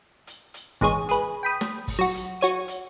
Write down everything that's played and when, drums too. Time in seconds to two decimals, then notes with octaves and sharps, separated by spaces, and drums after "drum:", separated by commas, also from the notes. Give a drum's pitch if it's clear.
0.27 drum: hi-hat
0.54 drum: hi-hat
0.81 E2 G#2 G#4 C#5 D#7, drum: kick, hi-hat
1.09 G#4 B4, drum: hi-hat
1.43 G5 B5 D#6
1.61 drum: snare
1.88 drum: kick, open hi-hat
1.99 F#3 F#4
2.14 drum: hi-hat
2.41 F#4 C#5 D#7, drum: hi-hat
2.68 drum: hi-hat